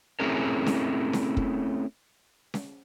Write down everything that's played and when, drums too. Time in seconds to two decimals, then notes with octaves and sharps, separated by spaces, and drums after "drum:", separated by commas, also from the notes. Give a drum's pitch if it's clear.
0.20 A3 C4 C#4 E4 G#4 A#4
0.66 drum: snare C#4
1.13 drum: snare C#4
1.37 drum: kick
2.54 drum: snare C#4